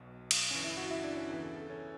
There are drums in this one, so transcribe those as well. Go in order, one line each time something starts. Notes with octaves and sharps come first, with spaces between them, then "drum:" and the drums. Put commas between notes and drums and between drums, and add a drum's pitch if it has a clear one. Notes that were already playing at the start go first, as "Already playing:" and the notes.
Already playing: B1 B2
drum: cymbal
G1 G2 E3 C#4 C#5
E4 E5
F#4 F#5
E4 E5
D4 D5
C#4 C#5
E2 C#3 E3 B4
A4
A4
C#4 C#5